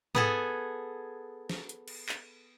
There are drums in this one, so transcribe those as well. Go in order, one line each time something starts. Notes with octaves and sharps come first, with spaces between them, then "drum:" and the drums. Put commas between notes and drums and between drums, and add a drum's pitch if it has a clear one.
B3 G#4 A4, drum: tom G#2
drum: snare
drum: hi-hat
drum: cymbal
drum: clap